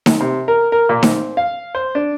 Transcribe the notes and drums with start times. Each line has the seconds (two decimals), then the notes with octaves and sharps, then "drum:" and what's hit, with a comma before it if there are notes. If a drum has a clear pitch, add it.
0.06 drum: snare D#4
0.20 C3
0.48 A#4
0.72 A#4
0.89 A#2
1.03 C4, drum: snare D#4
1.37 F5
1.75 C5
1.95 D4